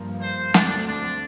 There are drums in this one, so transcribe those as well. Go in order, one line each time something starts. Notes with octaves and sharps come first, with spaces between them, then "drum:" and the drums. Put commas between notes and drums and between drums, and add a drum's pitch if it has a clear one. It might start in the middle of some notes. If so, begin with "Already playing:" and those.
Already playing: G2 F3 A#3
C5
D2 D3 A3 C4 D4, drum: snare
D4